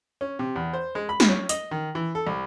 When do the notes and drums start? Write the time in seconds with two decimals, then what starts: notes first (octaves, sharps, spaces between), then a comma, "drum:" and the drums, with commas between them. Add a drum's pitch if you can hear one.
0.21 C#4
0.39 C3
0.56 E2
0.73 C5
0.95 G#3
1.09 B5
1.20 drum: snare
1.29 C#4
1.49 D#5, drum: hi-hat
1.71 D#3
1.95 E3
2.15 A4
2.27 C2